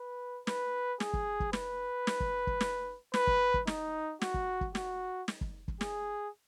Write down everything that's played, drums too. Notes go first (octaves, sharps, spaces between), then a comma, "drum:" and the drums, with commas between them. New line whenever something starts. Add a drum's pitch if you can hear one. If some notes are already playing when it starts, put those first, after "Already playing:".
Already playing: B4
B4, drum: snare
G#4, drum: snare
drum: kick
drum: kick
B4, drum: snare
drum: snare
drum: kick
drum: kick
drum: snare
B4, drum: snare
drum: kick
drum: kick
D#4, drum: snare
F#4, drum: snare
drum: kick
drum: kick
F#4, drum: snare
drum: snare
drum: kick
drum: kick
G#4, drum: snare